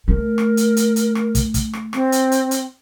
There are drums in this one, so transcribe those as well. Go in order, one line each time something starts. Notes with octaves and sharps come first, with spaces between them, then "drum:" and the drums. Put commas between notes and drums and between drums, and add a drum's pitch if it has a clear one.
A3 A#4
drum: rim click
drum: hi-hat
drum: hi-hat
drum: hi-hat
drum: rim click
drum: kick, hi-hat
drum: kick, hi-hat
drum: rim click
C4, drum: rim click
drum: hi-hat
drum: hi-hat
drum: hi-hat